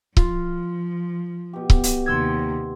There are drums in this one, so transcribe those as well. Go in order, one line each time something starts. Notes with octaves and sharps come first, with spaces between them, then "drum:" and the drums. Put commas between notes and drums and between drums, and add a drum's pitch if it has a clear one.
F3 F4, drum: kick C#1
B2 G4
drum: kick C#1
drum: hi-hat
D#2 C3 C6 E6 G#6